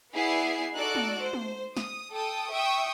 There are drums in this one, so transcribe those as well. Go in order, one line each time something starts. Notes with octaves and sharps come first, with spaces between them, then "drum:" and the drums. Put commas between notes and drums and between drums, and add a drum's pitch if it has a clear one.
B3 E4 G#4 D5 G#5 C7
D#4 F#4 A4 D5 F#6 D7
drum: tom
C5
drum: tom
D#6, drum: snare
A4 G5 A5 D#6
E5 G5 C#6 D#6 E6